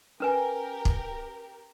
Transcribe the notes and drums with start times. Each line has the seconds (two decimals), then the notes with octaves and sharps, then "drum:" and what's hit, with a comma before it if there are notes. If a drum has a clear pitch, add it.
0.20 C#4 G4 A#4 B4 G#5
0.85 drum: kick